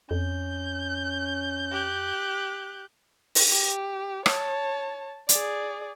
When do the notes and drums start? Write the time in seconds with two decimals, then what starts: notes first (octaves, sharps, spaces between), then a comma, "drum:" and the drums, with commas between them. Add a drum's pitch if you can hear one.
0.11 F2 C#4 G6
1.71 G4 F#6
3.35 drum: open hi-hat
3.49 G4
4.26 C#5 A5, drum: rim click
5.29 G#4 D5, drum: hi-hat